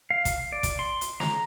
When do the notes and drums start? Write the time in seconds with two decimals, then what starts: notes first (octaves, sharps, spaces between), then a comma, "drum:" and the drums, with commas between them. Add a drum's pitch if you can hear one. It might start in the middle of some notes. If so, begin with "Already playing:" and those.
0.11 F5
0.25 drum: kick G#1, hi-hat
0.52 D5
0.63 drum: kick G#1, hi-hat
0.79 C6
1.01 drum: hi-hat
1.20 A#5, drum: snare